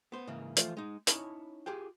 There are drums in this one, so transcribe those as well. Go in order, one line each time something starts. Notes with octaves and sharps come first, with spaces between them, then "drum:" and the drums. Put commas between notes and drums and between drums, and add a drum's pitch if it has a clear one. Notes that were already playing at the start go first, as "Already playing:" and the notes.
B3 C5
G#2 C#3 E3 A#3
E3 F3 A3 F4 C5, drum: hi-hat
G#3 D#4
C#4 D#4 E4 C#5 A5 B5, drum: hi-hat
F4 G4 G#4 G5